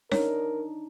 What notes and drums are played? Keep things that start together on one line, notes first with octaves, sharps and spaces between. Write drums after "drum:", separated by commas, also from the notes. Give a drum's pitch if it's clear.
D4 D#4 A#4 C#5, drum: snare C#4